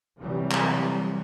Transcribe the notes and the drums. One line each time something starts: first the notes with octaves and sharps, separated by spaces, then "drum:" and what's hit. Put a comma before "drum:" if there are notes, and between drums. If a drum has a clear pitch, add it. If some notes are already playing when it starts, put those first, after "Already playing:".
C3 E3 F#3 G3
drum: clap